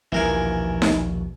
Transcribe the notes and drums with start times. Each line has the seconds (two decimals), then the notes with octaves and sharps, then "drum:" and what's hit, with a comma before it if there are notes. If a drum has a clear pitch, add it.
0.12 A#1 D#2 B2 E3 A#4 G#5
0.82 drum: snare D#4